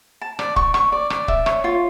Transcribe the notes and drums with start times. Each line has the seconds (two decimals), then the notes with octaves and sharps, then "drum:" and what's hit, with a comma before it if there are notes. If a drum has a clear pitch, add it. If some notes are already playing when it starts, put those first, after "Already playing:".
0.21 A5
0.39 D5, drum: rim click
0.56 C#6, drum: kick
0.74 C#6, drum: rim click
0.92 D5
1.10 D5, drum: rim click
1.28 E5, drum: kick
1.46 C#5, drum: rim click
1.64 F4